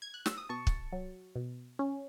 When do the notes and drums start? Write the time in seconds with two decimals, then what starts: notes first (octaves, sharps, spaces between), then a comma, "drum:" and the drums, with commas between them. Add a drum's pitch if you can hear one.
0.02 G#6
0.14 F#6
0.26 E6, drum: snare
0.37 D#6
0.49 B2 A5 C#6
0.67 drum: kick
0.92 F#3
1.36 B2
1.79 C#4